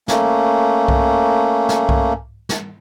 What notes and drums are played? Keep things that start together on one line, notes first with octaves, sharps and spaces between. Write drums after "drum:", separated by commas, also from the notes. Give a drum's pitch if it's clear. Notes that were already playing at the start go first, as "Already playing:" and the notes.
A3 A#3 C#4, drum: snare
drum: kick C2
drum: snare
drum: kick C2
drum: snare